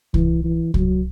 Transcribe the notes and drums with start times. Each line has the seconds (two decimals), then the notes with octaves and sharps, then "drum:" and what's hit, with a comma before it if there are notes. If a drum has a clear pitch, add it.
0.14 E3, drum: kick C2
0.44 E3
0.74 F#3, drum: kick C2